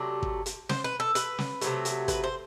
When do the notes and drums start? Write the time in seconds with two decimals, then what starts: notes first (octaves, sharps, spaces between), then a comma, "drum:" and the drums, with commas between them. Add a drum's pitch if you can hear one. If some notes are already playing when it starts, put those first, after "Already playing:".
Already playing: C3 F#3 A3 D5
0.22 drum: kick
0.46 drum: hi-hat
0.69 C5, drum: snare
0.84 B4
1.00 A4
1.15 B4, drum: hi-hat
1.39 drum: snare
1.61 C3 F#3 A3, drum: hi-hat
1.85 drum: hi-hat
2.08 B4, drum: kick, hi-hat
2.24 C5